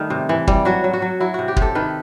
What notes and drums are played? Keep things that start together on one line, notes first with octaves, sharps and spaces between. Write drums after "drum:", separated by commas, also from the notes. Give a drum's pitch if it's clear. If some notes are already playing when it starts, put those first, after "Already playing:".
Already playing: D#3 G3 A3
C3
E3
G3, drum: kick
F#3 F#4
F#3
F#4
F#3
F#3 E4
C3 F#4
G4
C3, drum: kick
A4
D#3 B4